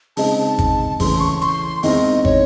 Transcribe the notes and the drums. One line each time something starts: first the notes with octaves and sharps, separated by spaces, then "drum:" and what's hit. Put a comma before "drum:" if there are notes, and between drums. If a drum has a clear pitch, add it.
C#3 G#3 C4 D#4 A5, drum: open hi-hat
A5
drum: kick, hi-hat
C#3 E3 A3 C#4 C6, drum: kick, open hi-hat
C#6
C6, drum: hi-hat
E2 D#3 G#3 C4 E4 D#5, drum: open hi-hat
C#5, drum: kick